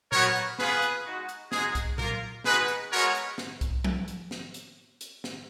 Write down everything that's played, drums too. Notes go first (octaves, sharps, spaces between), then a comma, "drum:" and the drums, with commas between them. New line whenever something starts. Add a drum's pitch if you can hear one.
B3 F#4 A#4 C#5, drum: tom A#2
drum: hi-hat
B3 F4 G#4 B4, drum: snare
drum: hi-hat
G#3 D#4 F#4
drum: hi-hat
G#3 D#4 F#4 G#4, drum: snare
drum: kick C2, hi-hat
A#3 F4 A#4, drum: tom A#2
G#3 D#4 F#4 G#4 B4, drum: snare
drum: hi-hat
G#3 B3 F#4 A#4 C#5
drum: hi-hat
drum: snare
drum: kick C2, hi-hat
drum: tom F3
drum: hi-hat
drum: snare
drum: hi-hat
drum: hi-hat
drum: snare